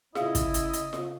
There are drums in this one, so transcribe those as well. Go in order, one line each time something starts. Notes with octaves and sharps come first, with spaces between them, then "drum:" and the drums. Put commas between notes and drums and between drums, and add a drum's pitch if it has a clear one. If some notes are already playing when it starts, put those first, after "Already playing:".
C#3 E4 G#4 D#5 F5, drum: snare F4
drum: kick, hi-hat
drum: hi-hat
drum: hi-hat
drum: snare F4